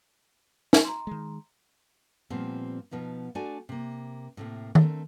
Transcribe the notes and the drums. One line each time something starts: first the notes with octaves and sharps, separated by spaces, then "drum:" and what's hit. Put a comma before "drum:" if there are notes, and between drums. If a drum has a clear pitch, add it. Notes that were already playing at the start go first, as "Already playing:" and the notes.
drum: snare
A#5 C6
D#3 G#3
A#2 F3 G3 B3 C4
B2 F3 B3 D#4
A3 D4 F#4 D5 G#5
C3 A#3
A2 C3 A#3
A3 C4 D4 A#4, drum: tom D#3